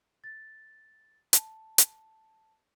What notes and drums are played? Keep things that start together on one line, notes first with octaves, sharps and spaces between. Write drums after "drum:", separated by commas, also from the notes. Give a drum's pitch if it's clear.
A6
A5, drum: hi-hat
drum: hi-hat